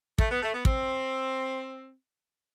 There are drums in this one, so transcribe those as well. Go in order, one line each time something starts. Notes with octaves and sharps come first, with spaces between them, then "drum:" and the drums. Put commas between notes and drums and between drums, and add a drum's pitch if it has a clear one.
A3, drum: kick
B3
A3
B3
C4, drum: kick